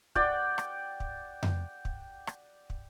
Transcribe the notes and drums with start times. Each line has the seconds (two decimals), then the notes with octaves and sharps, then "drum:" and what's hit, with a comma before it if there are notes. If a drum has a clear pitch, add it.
0.15 D5 F#5 G5, drum: kick
0.58 drum: rim click
1.00 drum: kick
1.43 drum: tom F2
1.85 drum: kick
2.27 drum: rim click
2.70 drum: kick